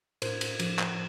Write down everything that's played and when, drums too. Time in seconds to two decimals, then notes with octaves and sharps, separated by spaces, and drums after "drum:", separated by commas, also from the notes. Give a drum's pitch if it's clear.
0.22 A2 A#4 C5, drum: cymbal
0.41 drum: cymbal
0.59 F3, drum: cymbal
0.79 drum: clap